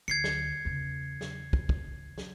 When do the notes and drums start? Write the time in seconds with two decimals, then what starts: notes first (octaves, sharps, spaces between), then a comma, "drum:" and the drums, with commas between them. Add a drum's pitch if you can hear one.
0.08 D2 G#6 C7 C#7
0.24 drum: snare
0.65 E2 C#3
1.21 drum: snare
1.53 drum: kick
1.69 drum: kick
2.18 drum: snare